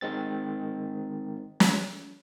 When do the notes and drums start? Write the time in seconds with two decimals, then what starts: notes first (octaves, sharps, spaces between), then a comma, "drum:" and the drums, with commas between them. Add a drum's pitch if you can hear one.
0.01 D#3 G#3 C4 A6
1.60 drum: snare